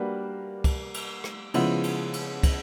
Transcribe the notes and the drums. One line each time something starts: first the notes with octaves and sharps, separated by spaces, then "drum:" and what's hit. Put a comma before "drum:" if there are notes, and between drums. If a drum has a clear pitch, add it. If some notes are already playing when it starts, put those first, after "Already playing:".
Already playing: G3 A#3 D4 F#4 B4
drum: kick, cymbal
drum: cymbal
drum: rim click
C#3 F3 G#3 B3 E4, drum: cymbal
drum: cymbal
drum: cymbal
drum: kick, cymbal